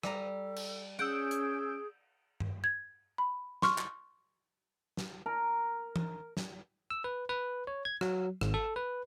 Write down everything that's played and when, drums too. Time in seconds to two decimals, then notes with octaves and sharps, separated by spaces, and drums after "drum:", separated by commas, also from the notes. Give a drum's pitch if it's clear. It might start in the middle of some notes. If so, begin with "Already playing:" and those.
0.03 G3 A4 A#5, drum: rim click
0.56 drum: cymbal
0.99 C#4 G#4 F#5 E6 G6 D7
1.31 drum: hi-hat
2.40 drum: tom G2
2.64 G#6
3.18 B5
3.62 C6 C#6 F6, drum: snare
3.78 drum: clap
4.97 drum: snare
5.26 A#4
5.96 drum: tom E3
6.37 drum: snare
6.90 E6
7.04 B4
7.29 B4
7.67 C#5
7.85 G#6
8.01 F#3, drum: rim click
8.41 G#1, drum: rim click
8.54 A4
8.76 B4